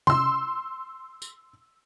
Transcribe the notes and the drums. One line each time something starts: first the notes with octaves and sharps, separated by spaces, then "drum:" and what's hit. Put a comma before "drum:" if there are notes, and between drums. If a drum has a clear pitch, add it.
C6 E6, drum: tom C3
drum: tambourine